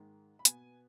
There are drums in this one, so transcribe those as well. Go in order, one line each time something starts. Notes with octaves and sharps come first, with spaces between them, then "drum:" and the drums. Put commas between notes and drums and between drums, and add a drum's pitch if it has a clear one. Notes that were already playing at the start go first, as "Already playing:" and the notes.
Already playing: G#2 D#3 G#3
B5
B2 B3 G#5, drum: hi-hat